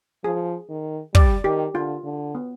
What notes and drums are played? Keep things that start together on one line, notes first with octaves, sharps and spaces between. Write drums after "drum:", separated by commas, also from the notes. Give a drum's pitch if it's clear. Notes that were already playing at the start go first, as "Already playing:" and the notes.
F3 G#4
D#3
G3 D5, drum: kick
D#3 G4
D3 F4
D3
B3